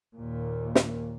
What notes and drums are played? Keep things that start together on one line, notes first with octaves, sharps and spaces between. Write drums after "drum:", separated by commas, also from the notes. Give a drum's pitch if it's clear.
D#2 A#2
drum: snare